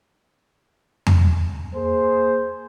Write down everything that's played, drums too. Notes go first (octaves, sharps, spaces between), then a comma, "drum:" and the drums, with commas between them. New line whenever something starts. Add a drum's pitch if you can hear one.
drum: tom E2
A#3 G#4 C5